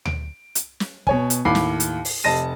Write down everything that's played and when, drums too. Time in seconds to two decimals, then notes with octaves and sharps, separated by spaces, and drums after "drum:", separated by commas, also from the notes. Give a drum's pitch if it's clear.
0.05 D7, drum: tom D2
0.55 drum: hi-hat
0.80 drum: snare
1.07 B2 C#5 G#5, drum: kick
1.30 drum: hi-hat
1.45 D#2 A2 B5 D6 C7
1.55 drum: snare
1.80 drum: hi-hat
2.05 drum: open hi-hat
2.24 F1 C3 D#5 A5 A#6 D#7